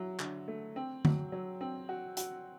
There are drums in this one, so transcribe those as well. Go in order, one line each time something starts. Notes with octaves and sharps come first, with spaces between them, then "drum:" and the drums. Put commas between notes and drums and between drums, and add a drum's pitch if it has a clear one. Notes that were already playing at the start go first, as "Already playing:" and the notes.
Already playing: F#3 E4
D3, drum: clap
A3
C4
F#3, drum: tom
F#3
C4
F#4
F#4, drum: hi-hat